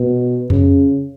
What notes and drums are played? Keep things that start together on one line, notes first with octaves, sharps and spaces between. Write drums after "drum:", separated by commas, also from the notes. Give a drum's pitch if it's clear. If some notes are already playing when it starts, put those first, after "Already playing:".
Already playing: B2
C#3, drum: tom F2